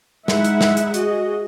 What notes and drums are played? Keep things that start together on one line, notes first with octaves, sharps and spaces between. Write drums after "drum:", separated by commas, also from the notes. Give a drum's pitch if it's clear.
G#3 D#4 E4 E5 F#5, drum: snare
drum: hi-hat
drum: snare
drum: hi-hat
F#4 G#4 D#5, drum: hi-hat